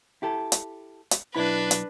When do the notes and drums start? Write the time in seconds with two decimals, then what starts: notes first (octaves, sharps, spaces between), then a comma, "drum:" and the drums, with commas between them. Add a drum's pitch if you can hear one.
0.22 E4 G4 A4
0.52 drum: hi-hat
1.11 drum: hi-hat
1.35 B1 D4 E4 B4 B5
1.71 drum: hi-hat